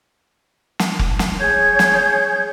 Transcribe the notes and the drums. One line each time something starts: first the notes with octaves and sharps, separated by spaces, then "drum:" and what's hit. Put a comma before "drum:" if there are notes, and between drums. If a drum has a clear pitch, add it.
drum: snare
drum: kick F1
drum: snare
G#4 C#5 G6 G#6
drum: snare